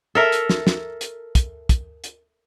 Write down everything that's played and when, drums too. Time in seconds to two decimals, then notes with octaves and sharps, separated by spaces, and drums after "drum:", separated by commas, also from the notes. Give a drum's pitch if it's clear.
0.15 A4 A#4 E5
0.32 drum: hi-hat
0.49 drum: snare
0.67 drum: snare
1.01 drum: hi-hat
1.35 drum: kick, hi-hat
1.69 drum: kick, hi-hat
2.04 drum: hi-hat